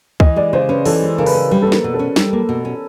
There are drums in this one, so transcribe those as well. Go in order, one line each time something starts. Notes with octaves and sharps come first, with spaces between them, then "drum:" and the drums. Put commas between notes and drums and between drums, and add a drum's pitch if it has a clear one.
E3 D#5, drum: kick C#2
G#3 D5
C#3 C5
C#4 B4
E3 A4, drum: open hi-hat
G#3
C#3 A#4
B4, drum: open hi-hat
C#4 A#4
G3 B4
A#3 A4
A#4, drum: snare
B2
C#4 A4
G3, drum: snare
A#3
B2
C#4